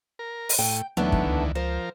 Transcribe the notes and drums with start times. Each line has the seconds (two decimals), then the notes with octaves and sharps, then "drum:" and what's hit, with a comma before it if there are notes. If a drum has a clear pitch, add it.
0.19 A#4
0.49 drum: open hi-hat
0.59 A2 G5
0.97 D#2 D3 E3 F#3 A3 B3 D4
1.12 drum: kick
1.27 C#2
1.55 F3 A#4 C5